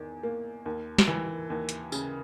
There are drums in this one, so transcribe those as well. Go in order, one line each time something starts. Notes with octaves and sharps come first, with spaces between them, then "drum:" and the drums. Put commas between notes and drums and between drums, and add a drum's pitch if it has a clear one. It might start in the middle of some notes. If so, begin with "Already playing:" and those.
Already playing: E2 D#3
A#3
D#2
drum: snare
E3
D#2
drum: hi-hat
C#3, drum: tambourine